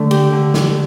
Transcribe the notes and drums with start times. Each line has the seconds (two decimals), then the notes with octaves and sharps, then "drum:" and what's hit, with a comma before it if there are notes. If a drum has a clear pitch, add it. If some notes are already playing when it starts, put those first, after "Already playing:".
Already playing: D3 A3
0.11 G4, drum: cymbal
0.32 D3
0.54 drum: snare